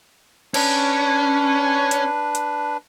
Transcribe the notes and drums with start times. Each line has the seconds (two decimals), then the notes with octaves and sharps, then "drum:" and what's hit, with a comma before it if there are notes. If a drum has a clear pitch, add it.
0.54 C#4 D4 B4, drum: cymbal
1.91 drum: hi-hat
2.35 drum: hi-hat